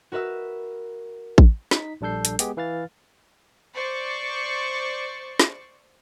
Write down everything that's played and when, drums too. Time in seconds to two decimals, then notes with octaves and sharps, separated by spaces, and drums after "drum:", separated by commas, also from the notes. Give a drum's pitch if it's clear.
0.12 F#4 A#4 B4 E5 E6
1.38 drum: kick A1
1.71 D#4 B6, drum: snare
2.01 A#1 G3 D4 A4 G6 C7
2.25 drum: hi-hat
2.39 G#3 B3 G4 G#4, drum: hi-hat
2.57 E3 B4 F5 F6 A6
3.73 C5 D5 C#6
5.39 drum: snare